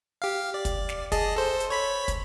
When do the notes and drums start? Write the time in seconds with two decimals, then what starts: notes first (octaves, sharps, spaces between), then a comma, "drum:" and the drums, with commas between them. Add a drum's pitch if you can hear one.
0.22 G4 F5
0.54 D5
0.65 drum: kick, hi-hat
0.89 drum: snare
1.12 G#4 D#5 A5, drum: kick, hi-hat
1.36 A4 C5
1.60 drum: hi-hat
1.70 C#5 B5 B6
2.08 drum: kick, hi-hat